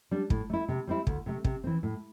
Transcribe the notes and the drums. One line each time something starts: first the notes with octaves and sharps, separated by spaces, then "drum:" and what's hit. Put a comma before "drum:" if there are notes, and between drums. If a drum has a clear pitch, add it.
G3 D4
A2, drum: kick
A3 E4
C3
G3 C4 E4
D2, drum: kick
C3 A3
C3, drum: kick
E3 C4
A2